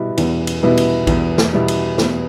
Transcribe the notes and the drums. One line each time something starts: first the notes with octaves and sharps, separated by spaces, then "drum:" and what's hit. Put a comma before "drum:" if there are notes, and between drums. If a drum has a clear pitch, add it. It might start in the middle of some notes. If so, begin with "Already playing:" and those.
Already playing: B2 G3 B3 E4
E2, drum: cymbal
drum: cymbal
B2 G3 B3 E4
drum: cymbal
E2, drum: kick A#1, cymbal
drum: snare
B2 G3 B3 E4
drum: cymbal
E2, drum: snare